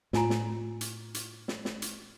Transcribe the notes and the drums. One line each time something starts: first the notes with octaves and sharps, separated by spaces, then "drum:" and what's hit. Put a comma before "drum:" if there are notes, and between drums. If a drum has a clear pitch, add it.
A2 F4 G#5 A#5, drum: snare
drum: snare
drum: hi-hat
drum: hi-hat
drum: snare
drum: snare
drum: hi-hat